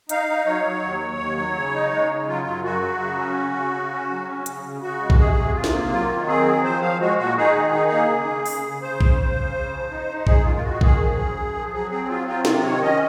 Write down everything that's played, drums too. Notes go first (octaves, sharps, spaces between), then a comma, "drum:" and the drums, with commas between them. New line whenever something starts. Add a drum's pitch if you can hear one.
D#4 F5, drum: hi-hat
D#4
F#3 C#5
F#3
D#2
D#2
D#2
F#3
C#3
D#4
G#3
C#3
F#3 F4
F#2
F#3 F#4
F#3
C#3
C#4
C#3
C#3
C#3
C#4
F#3
C#4
C#3, drum: hi-hat
C#3
C#3 F#4
G#3
drum: kick A#1
C3 G#4
C3
C3 F4
drum: snare
A#3
F#3 F4
D#3
C4 G#4
F#3
F3 C5
F3 F5
G#3 F#4
A#2 F#4
D#4 G#4
D#3
D#4
A#3
C#3
C#3
C#3, drum: open hi-hat
C#3
C#3 C5
C#3, drum: kick A#1
C#3
C#3
C#3
F3
D#4
D#4
F#2 G#4, drum: kick A#1
G#3 F4
F4
D#3 F#4
D#3 G#4, drum: kick A#1
F3
C#3
F#2
F3
F#3 G#4
C4 G#4
F#3 F4
C4 F4
C3 F4, drum: snare
D#3 C#5
C#4 D#5